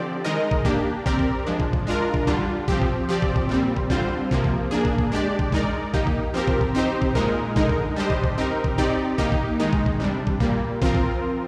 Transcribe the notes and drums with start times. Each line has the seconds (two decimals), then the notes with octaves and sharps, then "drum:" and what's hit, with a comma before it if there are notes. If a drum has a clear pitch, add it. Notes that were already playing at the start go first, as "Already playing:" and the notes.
Already playing: D3 F3 C4 G4 D5
0.24 D#3 G#3 D#4 A#4 D#5
0.51 drum: kick
0.65 A#3 D4 G4, drum: kick
1.06 C4 G4 A#4 D5, drum: kick
1.19 drum: kick
1.47 F3 G#3 D4
1.60 drum: kick
1.73 drum: kick
1.87 G#3 D4 F4 A#4
2.14 drum: kick
2.27 D3 G3 D4 F4, drum: kick
2.68 F3 C4 G4, drum: kick
2.82 drum: kick
3.09 F3 C4 G4 D5
3.22 drum: kick
3.36 drum: kick
3.49 A#2 G3 C4
3.76 drum: kick
3.90 D3 G3 C4 F4 C5, drum: kick
4.31 C3 F3 A#3, drum: kick
4.44 drum: kick
4.71 A#3 D4 G#4
4.85 drum: kick
4.98 drum: kick
5.12 G#3 D4 G4 D5
5.39 drum: kick
5.52 G#3 D#4 A#4 D5, drum: kick
5.94 A#3 D#4 G4, drum: kick
6.07 drum: kick
6.34 F3 C4 G4 A#4
6.47 drum: kick
6.61 drum: kick
6.75 C4 D#4 G4 C5
7.02 drum: kick
7.15 A#2 G#3 D#4 A#4, drum: kick
7.56 D3 G#3 D#4 A#4, drum: kick
7.69 drum: kick
7.96 G3 D4 G4 C5 D#5
8.10 drum: kick
8.24 drum: kick
8.38 C4 D#4 G4 A#4
8.64 drum: kick
8.78 C4 D#4 G4 D5, drum: kick
9.18 A#3 D#4 G4, drum: kick
9.32 drum: kick
9.60 D#3 G#3 D#4
9.73 drum: kick
9.86 drum: kick
10.00 C3 G3 D4
10.27 drum: kick
10.40 A#2 G3 A#3, drum: kick
10.82 F3 C4 F4 A#4, drum: kick
10.95 drum: kick